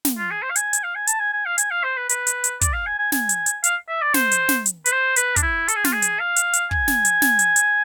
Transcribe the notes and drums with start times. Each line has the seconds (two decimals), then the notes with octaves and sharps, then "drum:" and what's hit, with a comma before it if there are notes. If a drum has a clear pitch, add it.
0.05 drum: snare
0.18 F4
0.31 G#4
0.43 C5
0.50 F5
0.56 G#5, drum: hi-hat
0.73 drum: hi-hat
0.83 F5
0.95 G#5
1.07 A5, drum: hi-hat
1.20 G#5
1.33 G#5
1.45 F5
1.58 G#5, drum: hi-hat
1.71 F5
1.83 C5
1.97 B4
2.09 B4, drum: hi-hat
2.27 drum: hi-hat
2.44 drum: hi-hat
2.61 D5, drum: kick, hi-hat
2.73 F5
2.86 G#5
2.99 G#5
3.12 G#5, drum: snare
3.29 drum: hi-hat
3.46 drum: hi-hat
3.64 F5, drum: hi-hat
3.89 E5
4.02 D5
4.14 C5, drum: snare
4.32 drum: hi-hat
4.49 drum: snare
4.66 drum: hi-hat
4.86 B4, drum: hi-hat
4.92 C5
5.16 B4, drum: hi-hat
5.36 D4, drum: kick, hi-hat
5.42 E4
5.68 A4, drum: hi-hat
5.76 G#4
5.84 F4, drum: snare
5.93 G#4
6.02 drum: hi-hat
6.20 F5
6.36 drum: hi-hat
6.53 drum: hi-hat
6.71 G#5, drum: kick
6.88 drum: snare
7.05 drum: hi-hat
7.22 drum: snare
7.39 drum: hi-hat
7.56 drum: hi-hat